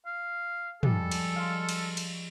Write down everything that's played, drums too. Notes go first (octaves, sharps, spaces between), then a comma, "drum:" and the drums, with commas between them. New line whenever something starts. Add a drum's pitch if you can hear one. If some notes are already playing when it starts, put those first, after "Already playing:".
F5
F3 G3 G#3 A4, drum: tom
drum: cymbal
D#5 F5 C6
drum: cymbal
drum: cymbal